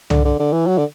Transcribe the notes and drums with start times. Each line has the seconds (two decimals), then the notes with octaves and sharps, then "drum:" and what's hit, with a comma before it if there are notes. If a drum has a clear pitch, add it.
0.10 D3, drum: tom C2
0.25 D3
0.39 D3
0.52 E3
0.67 F#3
0.78 D3